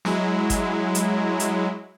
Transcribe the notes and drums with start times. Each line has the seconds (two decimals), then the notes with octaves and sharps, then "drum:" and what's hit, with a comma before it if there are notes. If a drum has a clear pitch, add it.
0.05 F#3 G#3 E4, drum: snare
0.50 drum: kick G1, hi-hat
0.95 drum: hi-hat
1.40 drum: hi-hat